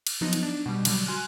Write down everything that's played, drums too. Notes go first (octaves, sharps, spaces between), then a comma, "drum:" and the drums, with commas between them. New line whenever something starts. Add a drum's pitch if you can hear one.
drum: cymbal
F3 F#3 B3 D#4
drum: cymbal
D4
B2 G3
D3 F#3 G3, drum: cymbal
F#4 G#5 C6 F6 F#6 D#7